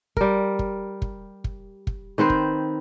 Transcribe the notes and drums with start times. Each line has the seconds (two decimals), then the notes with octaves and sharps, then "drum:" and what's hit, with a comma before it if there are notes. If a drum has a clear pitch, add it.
0.17 G3 A#4, drum: kick
0.59 drum: kick
1.02 drum: kick
1.44 drum: kick
1.87 drum: kick
2.18 D#3 C4 B4 C5
2.30 drum: kick